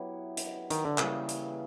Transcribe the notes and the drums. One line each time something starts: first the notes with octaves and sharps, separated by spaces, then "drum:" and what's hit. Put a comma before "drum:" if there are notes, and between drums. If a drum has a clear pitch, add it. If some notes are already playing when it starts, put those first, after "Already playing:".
Already playing: F#3 B3 E4 G4
drum: hi-hat
D#3, drum: hi-hat
D3
C#3 E3 G3 A#3, drum: clap
drum: hi-hat